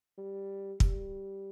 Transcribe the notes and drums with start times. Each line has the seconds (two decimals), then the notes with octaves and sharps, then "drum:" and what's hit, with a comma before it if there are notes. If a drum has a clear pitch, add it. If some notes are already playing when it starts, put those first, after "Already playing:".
0.18 G3
0.80 G3, drum: kick